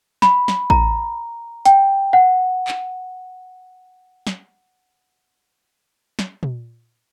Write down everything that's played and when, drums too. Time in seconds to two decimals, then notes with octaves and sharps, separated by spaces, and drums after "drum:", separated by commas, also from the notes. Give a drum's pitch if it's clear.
0.22 B5, drum: snare
0.48 drum: snare
0.70 A#5, drum: kick
1.65 G5, drum: hi-hat
2.13 F#5
2.68 drum: clap
4.27 drum: snare
6.19 drum: snare
6.43 drum: tom A#2